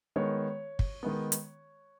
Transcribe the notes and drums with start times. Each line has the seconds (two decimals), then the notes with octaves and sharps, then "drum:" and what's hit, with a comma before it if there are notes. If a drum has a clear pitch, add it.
0.16 D#3 G#3 B3 C#5
0.79 drum: kick
1.03 D#3 G#3 B3
1.32 drum: hi-hat